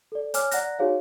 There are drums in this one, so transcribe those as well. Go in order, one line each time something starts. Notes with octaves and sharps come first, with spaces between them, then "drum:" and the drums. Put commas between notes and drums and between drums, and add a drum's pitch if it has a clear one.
A4 D5
C#5 G#5 D6 F6, drum: hi-hat
D5 F#5 A#5 F#6 A#6, drum: hi-hat
D#4 F#4 G#4 C#5 F5